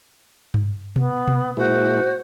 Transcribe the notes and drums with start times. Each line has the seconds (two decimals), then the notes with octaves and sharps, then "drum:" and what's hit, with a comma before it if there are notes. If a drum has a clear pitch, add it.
0.54 drum: tom G2
0.96 B3, drum: tom B2
1.28 drum: tom B2
1.57 A#2 G#3 E4 F#4 C5